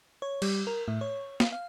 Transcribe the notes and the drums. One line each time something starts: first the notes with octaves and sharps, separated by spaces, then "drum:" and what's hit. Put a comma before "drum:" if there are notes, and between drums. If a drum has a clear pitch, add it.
C#5
G3, drum: cymbal
A#4
A2
C#5
F5, drum: snare
F5